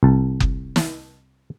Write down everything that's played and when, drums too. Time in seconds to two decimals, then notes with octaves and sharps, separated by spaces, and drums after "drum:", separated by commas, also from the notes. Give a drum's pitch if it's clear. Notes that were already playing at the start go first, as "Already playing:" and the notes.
0.03 C2 A5
0.40 drum: kick F#1
0.76 drum: snare